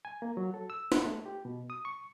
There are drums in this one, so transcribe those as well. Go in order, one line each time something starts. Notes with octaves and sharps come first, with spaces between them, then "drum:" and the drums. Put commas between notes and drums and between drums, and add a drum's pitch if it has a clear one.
G#5
A#3
F#3
A4
E6
B3, drum: snare
A3
G4
B2
D#6
C#6